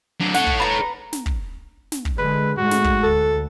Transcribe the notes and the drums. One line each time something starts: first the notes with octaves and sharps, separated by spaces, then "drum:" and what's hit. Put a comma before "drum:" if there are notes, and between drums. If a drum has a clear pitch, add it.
F#3 D4
A4 C#5 F#5, drum: snare
drum: kick
B4 A#5
drum: snare
drum: kick
drum: snare
drum: kick
D3 G#3 B4
G#2 G#3 A3 F#4
drum: snare
drum: kick
D2 A4